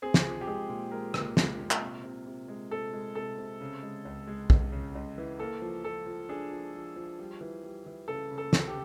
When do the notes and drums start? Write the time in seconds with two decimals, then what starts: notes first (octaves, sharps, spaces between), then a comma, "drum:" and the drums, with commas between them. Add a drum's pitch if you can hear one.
0.02 C4 G#4
0.14 drum: snare
0.25 F3
0.41 G4
0.47 G#3 G#4
0.69 A#2
0.91 G#3 A#4
1.14 A#2, drum: rim click
1.37 G#3, drum: snare
1.59 A#2
1.71 drum: clap
1.81 C3
2.04 C3
2.27 C3
2.48 G#3
2.71 C3 A4
2.93 G#3
3.15 C3 A4
3.38 C3
3.61 C#3
3.83 G#3
4.05 C#2
4.27 G#3
4.50 C#2, drum: kick
4.72 C#3
4.95 C#2
5.18 E3
5.40 A#3 A4
5.62 F3
5.84 F3 A4
6.06 F3
6.29 D4 G#4
6.51 F3
6.74 F3
6.96 F3
7.19 G3
7.41 E3
7.63 G3
7.86 E3
8.08 C#3 A4
8.31 C#3
8.38 A4
8.53 C#3, drum: snare
8.68 G4